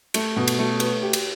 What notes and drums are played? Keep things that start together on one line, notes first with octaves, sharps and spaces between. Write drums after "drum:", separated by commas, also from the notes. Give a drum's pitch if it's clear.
A3, drum: cymbal
B2
drum: cymbal
A3
B4, drum: cymbal
G4
drum: cymbal